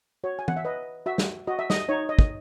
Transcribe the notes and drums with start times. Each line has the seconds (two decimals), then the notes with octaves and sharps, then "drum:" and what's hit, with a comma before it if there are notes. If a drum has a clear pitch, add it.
0.24 F#4 C#5
0.39 G#5
0.48 F#5, drum: tom
0.57 E5
0.65 B4 D#5
1.06 F#4 E5
1.18 drum: snare
1.47 F#4 D#5
1.59 E5
1.70 D#5, drum: snare
1.89 D#4 C#5
2.09 D#5
2.19 drum: kick